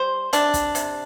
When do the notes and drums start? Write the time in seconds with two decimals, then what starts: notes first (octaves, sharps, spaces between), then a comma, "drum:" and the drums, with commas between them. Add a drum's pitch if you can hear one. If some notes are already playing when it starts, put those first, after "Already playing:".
Already playing: G3 C5
0.33 C3 D4, drum: hi-hat
0.54 drum: kick, hi-hat
0.75 C3, drum: hi-hat